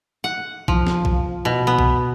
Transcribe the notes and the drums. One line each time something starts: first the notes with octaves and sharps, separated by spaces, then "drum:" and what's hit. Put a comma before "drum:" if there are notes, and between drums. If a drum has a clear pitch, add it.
F#5
F3, drum: kick
drum: snare
drum: kick
B2
B3
drum: kick